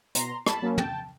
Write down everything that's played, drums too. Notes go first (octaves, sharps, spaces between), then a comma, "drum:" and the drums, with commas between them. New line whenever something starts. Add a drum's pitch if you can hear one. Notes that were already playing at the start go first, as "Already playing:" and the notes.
B2 A#5 C6, drum: hi-hat
A5 B5, drum: rim click
F#3 A#3 C#4
G5 A5, drum: tom